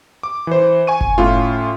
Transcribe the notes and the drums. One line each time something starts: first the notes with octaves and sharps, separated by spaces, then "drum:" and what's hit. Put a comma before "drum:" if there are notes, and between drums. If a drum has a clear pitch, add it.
D6
E3 C5
G#5 C#6 D#7
drum: kick F#1
A2 C#4 F4